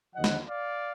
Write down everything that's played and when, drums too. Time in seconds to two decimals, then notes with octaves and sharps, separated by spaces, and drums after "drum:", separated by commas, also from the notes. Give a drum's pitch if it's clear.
0.14 D#2 D3 F3 D#5 F#5
0.24 drum: snare
0.47 D5 F5